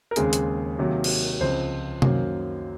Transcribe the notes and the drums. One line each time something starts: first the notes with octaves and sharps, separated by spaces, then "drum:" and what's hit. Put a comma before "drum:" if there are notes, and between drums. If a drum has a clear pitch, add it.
A#4
D#2 C#3 G#3 C4 G#4, drum: hi-hat
drum: hi-hat
C3 D#3 F#3 A#3
drum: cymbal
C#2 C#3 F3 C4 C5
F#2 D#3 F#3 A#3, drum: tom C3